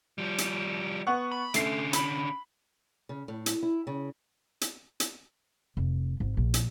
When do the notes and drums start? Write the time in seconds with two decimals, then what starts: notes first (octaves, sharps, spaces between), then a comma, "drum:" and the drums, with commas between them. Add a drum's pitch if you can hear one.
0.18 F3 G3
0.38 drum: hi-hat
1.07 B3 F#5 C#6
1.32 B5
1.54 D3 A3 C#4 C7, drum: hi-hat
1.93 B5, drum: hi-hat
3.09 C#3
3.28 A2
3.46 drum: hi-hat
3.63 E4
3.87 C#3
4.61 drum: hi-hat
5.00 drum: hi-hat
5.77 F1
6.20 G#1
6.37 A#1
6.54 drum: hi-hat